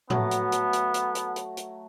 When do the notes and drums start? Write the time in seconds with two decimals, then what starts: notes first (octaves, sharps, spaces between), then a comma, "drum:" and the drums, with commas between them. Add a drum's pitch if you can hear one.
0.10 F#3 A3 B3, drum: tom A2
0.31 drum: hi-hat
0.52 drum: hi-hat
0.73 drum: hi-hat
0.94 drum: hi-hat
1.15 drum: hi-hat
1.36 drum: hi-hat
1.57 drum: hi-hat